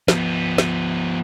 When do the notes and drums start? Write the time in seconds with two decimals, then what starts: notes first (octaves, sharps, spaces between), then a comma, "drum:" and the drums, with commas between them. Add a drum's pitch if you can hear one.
0.08 F3 B3, drum: snare
0.58 drum: snare